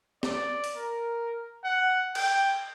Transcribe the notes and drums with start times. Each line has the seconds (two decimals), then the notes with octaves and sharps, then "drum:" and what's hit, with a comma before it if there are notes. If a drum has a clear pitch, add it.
0.23 D5, drum: snare
0.64 drum: open hi-hat
0.77 A#4
1.64 F#5
2.15 G5, drum: cymbal